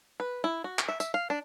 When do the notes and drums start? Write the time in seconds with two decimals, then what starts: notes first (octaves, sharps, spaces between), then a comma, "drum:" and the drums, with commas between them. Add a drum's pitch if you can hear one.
0.20 B4
0.44 E4
0.64 F#4
0.79 drum: clap
0.88 E5
1.00 E5, drum: tambourine
1.14 F5
1.30 D4